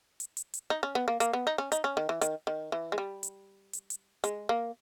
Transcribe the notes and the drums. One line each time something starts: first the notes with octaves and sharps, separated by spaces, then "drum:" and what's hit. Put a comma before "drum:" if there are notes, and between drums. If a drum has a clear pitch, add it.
drum: hi-hat
drum: hi-hat
drum: hi-hat
D#4
C#4
B3
A#3
A#3, drum: hi-hat
B3
D#4
C#4
D#4, drum: hi-hat
C#4
D#3
E3
D#3, drum: hi-hat
D#3
E3
G#3
G3
drum: hi-hat
drum: hi-hat
drum: hi-hat
G#3, drum: hi-hat
A#3